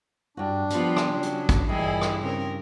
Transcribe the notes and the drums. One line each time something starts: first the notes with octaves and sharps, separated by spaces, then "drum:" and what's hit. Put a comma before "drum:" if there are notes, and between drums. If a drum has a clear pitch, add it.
G2 D4 F#4
F3 G3 B3 F4, drum: hi-hat
drum: rim click
C#3 F#3
drum: hi-hat
drum: kick, hi-hat
G2 A#2 E3 E4 G#4 D#5
drum: rim click
C#3 C4 A#4